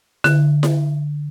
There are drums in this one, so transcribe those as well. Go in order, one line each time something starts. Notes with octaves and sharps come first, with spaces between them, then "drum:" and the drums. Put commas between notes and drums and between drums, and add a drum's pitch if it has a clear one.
D3, drum: snare E4
drum: snare E4